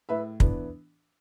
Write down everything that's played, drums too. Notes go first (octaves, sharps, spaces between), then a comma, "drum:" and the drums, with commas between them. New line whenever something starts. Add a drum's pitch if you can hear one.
A2 B4 E5
E3 B3 D4, drum: kick